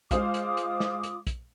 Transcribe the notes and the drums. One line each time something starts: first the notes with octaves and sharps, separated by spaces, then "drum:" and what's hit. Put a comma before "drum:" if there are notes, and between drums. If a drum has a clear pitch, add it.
G#3 F4 C5 F5 D6 D#6, drum: kick, hi-hat
drum: hi-hat
drum: hi-hat
drum: snare
drum: hi-hat
drum: kick, hi-hat